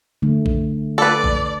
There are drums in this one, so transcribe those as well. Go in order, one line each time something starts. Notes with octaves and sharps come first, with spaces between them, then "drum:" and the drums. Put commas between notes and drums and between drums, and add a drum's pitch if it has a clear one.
D3 A3
drum: kick A#1
A4 B4 D5
drum: kick A#1